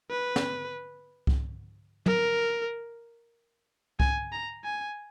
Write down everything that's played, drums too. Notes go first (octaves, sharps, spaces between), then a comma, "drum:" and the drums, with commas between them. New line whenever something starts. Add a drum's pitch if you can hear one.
B4
drum: snare
drum: kick C2
A#4, drum: tom
G#5, drum: kick C2
A#5
G#5